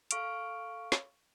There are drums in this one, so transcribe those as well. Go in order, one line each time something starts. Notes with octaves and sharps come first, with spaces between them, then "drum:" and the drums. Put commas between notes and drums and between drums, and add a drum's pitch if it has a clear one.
A4 F5 C#6 F6 D7, drum: hi-hat
drum: snare